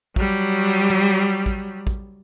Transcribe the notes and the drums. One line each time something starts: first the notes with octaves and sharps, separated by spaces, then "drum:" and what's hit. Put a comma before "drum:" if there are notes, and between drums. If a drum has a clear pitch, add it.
F#3 G3, drum: kick
drum: tom
drum: kick
drum: kick